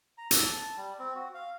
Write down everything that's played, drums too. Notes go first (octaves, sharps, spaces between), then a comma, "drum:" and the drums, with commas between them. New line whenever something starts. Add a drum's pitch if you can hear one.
A#5
E6, drum: hi-hat
A5
G3
C4
F#4
F5